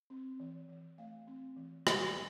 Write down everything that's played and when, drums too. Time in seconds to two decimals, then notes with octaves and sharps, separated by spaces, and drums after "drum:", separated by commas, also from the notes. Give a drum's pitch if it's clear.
0.10 C4
0.40 E3
0.69 E3
0.98 A3 F5
1.27 C4
1.57 E3
1.87 G3, drum: rim click